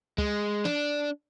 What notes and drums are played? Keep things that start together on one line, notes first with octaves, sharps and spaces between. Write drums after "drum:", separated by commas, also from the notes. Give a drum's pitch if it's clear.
G#3, drum: kick
D4, drum: snare